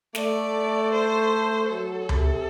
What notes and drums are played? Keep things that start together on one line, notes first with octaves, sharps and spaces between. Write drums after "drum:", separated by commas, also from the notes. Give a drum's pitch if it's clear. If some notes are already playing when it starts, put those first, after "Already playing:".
A3 D5, drum: snare
C5
F#3 A4
C3, drum: tom C#2